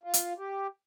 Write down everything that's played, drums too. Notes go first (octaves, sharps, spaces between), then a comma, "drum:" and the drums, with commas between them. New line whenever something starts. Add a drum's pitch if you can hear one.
F4
drum: hi-hat
G4